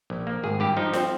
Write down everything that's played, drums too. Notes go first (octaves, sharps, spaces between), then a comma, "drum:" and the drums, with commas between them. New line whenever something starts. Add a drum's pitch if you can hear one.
A#1
A#3
G#1 G#4
G2 G4
F3 D#4
C4, drum: snare F4